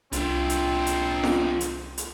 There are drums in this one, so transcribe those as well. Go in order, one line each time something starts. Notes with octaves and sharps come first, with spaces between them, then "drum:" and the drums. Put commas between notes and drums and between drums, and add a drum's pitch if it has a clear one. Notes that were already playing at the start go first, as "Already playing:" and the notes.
C2 C4 D4 F4, drum: hi-hat
drum: hi-hat
drum: hi-hat
drum: snare F4
drum: hi-hat
drum: hi-hat